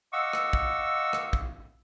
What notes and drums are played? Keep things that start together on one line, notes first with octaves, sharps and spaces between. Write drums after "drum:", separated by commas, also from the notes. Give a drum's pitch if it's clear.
D#5 F5 F#5 C#6 D6 E6
drum: rim click
drum: kick
drum: rim click
drum: kick